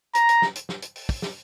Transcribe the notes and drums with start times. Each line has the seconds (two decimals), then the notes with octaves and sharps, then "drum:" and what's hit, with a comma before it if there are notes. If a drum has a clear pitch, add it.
0.15 A#5, drum: hi-hat
0.29 drum: hi-hat
0.42 drum: snare
0.56 drum: hi-hat
0.69 drum: snare
0.82 drum: hi-hat
0.96 drum: open hi-hat
1.09 drum: kick, open hi-hat
1.22 drum: snare